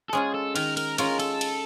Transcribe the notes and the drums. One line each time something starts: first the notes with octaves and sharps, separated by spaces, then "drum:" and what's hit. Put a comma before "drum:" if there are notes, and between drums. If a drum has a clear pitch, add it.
A4
G#3 C#4 F4 G#4
A4
D#3 A#4, drum: cymbal
A#4, drum: cymbal
G#3 C#4 F4 A#4, drum: cymbal
A4, drum: cymbal
drum: cymbal